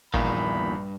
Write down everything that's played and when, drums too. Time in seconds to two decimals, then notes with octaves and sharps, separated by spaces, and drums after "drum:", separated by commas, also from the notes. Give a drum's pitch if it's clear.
0.14 A#1 E2 G2 A#2 D#3 F5 B5, drum: kick